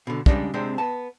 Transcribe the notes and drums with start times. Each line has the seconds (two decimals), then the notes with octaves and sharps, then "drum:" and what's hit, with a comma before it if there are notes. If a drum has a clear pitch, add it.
0.07 B2 D3
0.26 C#3 G3 G#3 D4, drum: kick
0.54 C3 G#3 C4 D4
0.78 B3 A5